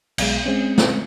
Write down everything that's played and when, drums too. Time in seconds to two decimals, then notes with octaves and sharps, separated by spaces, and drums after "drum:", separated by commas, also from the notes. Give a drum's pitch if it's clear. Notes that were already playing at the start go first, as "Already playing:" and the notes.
0.18 B1 B2 G#3, drum: cymbal
0.46 G#3 C4 C#4
0.78 drum: snare